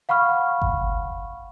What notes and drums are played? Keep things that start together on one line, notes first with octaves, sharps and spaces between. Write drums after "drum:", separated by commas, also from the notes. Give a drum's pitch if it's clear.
F5 F#5 B5 C#6 F6
drum: kick G1